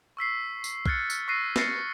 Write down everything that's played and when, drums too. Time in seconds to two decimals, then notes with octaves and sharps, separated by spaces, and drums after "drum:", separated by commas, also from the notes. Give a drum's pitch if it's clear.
0.17 C#6 E6 B6 C7
0.64 drum: tambourine
0.86 F6 F#6 G#6 A6 C#7, drum: kick
1.10 drum: tambourine
1.28 C#6 E6 F#6 A#6 C7 D#7
1.56 F6 A6 A#6 C7 C#7, drum: snare